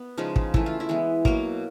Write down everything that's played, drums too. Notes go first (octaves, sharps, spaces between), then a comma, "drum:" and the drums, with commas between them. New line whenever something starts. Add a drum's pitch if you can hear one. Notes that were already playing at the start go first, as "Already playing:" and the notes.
Already playing: B3
C#3 F3 G#3 D#4
drum: kick
E3 A3 E4, drum: kick
F4
E4
E3 G#3 B3
B2 F#3 A#3 A#4, drum: kick